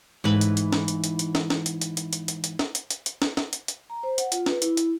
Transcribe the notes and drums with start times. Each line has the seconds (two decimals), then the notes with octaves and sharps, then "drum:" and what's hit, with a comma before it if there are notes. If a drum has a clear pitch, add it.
0.24 G#2 E3 B4
0.41 drum: hi-hat
0.57 drum: hi-hat
0.72 drum: snare
0.88 drum: hi-hat
1.04 drum: hi-hat
1.19 drum: hi-hat
1.35 drum: snare
1.50 drum: snare
1.66 drum: hi-hat
1.81 drum: hi-hat
1.97 drum: hi-hat
2.13 drum: hi-hat
2.28 drum: hi-hat
2.44 drum: hi-hat
2.59 drum: snare
2.75 drum: hi-hat
2.90 drum: hi-hat
3.06 drum: hi-hat
3.22 drum: snare
3.37 drum: snare
3.53 drum: hi-hat
3.68 drum: hi-hat
3.90 A#5
4.03 C5
4.18 F#5, drum: hi-hat
4.32 F4, drum: hi-hat
4.46 B4, drum: snare
4.62 E4, drum: hi-hat
4.77 drum: hi-hat